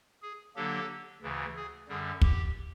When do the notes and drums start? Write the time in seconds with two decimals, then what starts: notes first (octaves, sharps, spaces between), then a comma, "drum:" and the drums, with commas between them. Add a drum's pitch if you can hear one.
0.22 G#4
0.56 D3 F#3 A#3 D4 G4 A4
1.22 D2 C#3 E3
1.56 G#4
1.89 F#2 D3 G3 G#4
2.22 G4, drum: kick